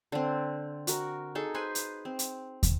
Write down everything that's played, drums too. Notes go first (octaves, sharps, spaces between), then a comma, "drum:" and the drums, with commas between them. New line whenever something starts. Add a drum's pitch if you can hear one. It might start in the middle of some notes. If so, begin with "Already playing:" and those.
D3 C4
F#4 A#4, drum: hi-hat
D#4 G#4 A4
B4 C5 G#5
drum: hi-hat
C4
drum: hi-hat
drum: kick, hi-hat